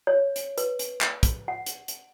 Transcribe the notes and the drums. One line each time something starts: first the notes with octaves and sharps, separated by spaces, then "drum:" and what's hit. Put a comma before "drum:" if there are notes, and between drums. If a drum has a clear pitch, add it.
C#5
drum: hi-hat
B4, drum: hi-hat
drum: hi-hat
drum: clap
drum: kick, hi-hat
F#5
drum: hi-hat
drum: hi-hat